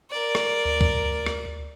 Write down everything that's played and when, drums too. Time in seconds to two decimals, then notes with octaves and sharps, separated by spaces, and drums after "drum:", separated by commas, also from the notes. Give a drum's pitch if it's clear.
0.11 A#4 D5
0.35 drum: rim click
0.65 D2
0.81 drum: kick C#2
1.26 drum: rim click